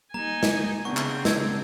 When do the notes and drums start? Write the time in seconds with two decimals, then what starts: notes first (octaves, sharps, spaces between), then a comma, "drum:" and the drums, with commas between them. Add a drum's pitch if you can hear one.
0.14 G3 A#3 D#4 G#5 A#5
0.43 drum: snare
0.85 C#3 B3 C4 D4 F#5 C#6
0.97 drum: clap
1.25 E6 G#6, drum: snare